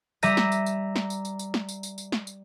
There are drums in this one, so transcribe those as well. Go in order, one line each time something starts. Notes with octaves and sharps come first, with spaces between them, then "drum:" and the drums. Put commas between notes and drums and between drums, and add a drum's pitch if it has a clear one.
G3 E5 A#5 A#6 D#7, drum: tambourine
drum: snare
drum: tambourine
drum: tambourine
drum: snare
drum: tambourine
drum: tambourine
drum: tambourine
drum: snare
drum: tambourine
drum: tambourine
drum: tambourine
drum: snare
drum: tambourine